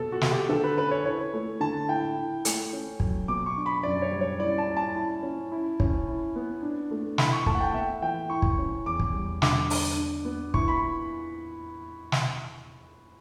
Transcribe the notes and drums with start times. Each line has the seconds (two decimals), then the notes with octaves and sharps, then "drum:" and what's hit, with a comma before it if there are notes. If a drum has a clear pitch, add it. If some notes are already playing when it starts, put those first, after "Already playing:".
Already playing: B2 A4
0.12 F#4
0.21 B3, drum: snare
0.31 G4
0.49 D3 A4
0.64 B4
0.77 C#4 B4
0.91 C#5
1.05 E4 C#5
1.34 A3
1.60 D3 A5
1.88 E4 G5
2.17 E4
2.45 A3, drum: hi-hat
2.73 C#4
3.00 F#3, drum: kick
3.28 B2 D6
3.46 C#6
3.57 D4
3.66 B5
3.83 F#2 D5
4.02 C#5
4.11 G3
4.21 C#5
4.39 E4 D5
4.58 A5
4.68 C#4
4.77 A5
4.95 E4
5.23 C#4
5.52 E4
5.80 C#4, drum: kick
6.07 E4
6.36 B3
6.63 D4
6.91 A3
7.18 E4 B5, drum: snare
7.33 C#6
7.46 A3 A5, drum: kick
7.55 F#5
7.61 G5
7.74 B3 E5
8.02 E3 G5
8.30 E4 C#6
8.42 drum: kick
8.58 C#4
8.86 E2 D6
9.00 drum: kick
9.14 G3
9.42 D3 D6, drum: snare
9.70 D4, drum: open hi-hat
9.97 D4
10.25 B3
10.54 E4 C#6, drum: kick
10.68 B5
12.12 drum: snare